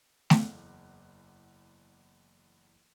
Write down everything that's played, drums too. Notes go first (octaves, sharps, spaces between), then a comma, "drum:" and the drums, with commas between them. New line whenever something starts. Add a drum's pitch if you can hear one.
F#1 E2 F#5, drum: snare A3